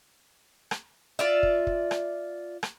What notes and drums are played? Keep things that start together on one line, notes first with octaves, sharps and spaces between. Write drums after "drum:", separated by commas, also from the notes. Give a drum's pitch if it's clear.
drum: rim click
F4 D5 E5
drum: kick
drum: kick
drum: rim click
drum: rim click